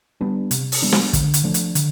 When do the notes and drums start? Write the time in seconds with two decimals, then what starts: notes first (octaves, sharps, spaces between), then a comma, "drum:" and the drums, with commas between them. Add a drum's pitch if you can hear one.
0.21 G3 B3 D4
0.51 C3, drum: hi-hat
0.72 drum: open hi-hat
0.82 G3 B3 D4
0.92 drum: snare
1.13 D3, drum: kick, hi-hat
1.34 drum: hi-hat
1.44 F3 A3 D4
1.54 drum: hi-hat
1.75 D3, drum: hi-hat